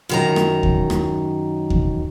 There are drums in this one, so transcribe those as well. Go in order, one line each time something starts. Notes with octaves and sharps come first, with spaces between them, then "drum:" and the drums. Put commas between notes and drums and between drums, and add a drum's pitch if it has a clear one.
F#2 D#3 A#5
drum: rim click
drum: kick D#2
drum: rim click
drum: kick D#2